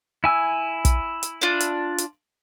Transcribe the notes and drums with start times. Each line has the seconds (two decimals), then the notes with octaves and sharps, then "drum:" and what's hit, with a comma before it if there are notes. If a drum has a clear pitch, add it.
0.24 E4 G#5 E6
0.85 drum: kick, hi-hat
1.23 drum: hi-hat
1.42 D4 F4
1.60 drum: hi-hat
1.98 drum: hi-hat